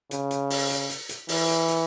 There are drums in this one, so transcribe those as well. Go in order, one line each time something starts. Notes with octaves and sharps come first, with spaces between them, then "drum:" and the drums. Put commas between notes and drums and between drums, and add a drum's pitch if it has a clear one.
C#3, drum: hi-hat
drum: hi-hat
drum: open hi-hat
drum: hi-hat
drum: hi-hat
drum: hi-hat
E3, drum: open hi-hat
drum: hi-hat
drum: hi-hat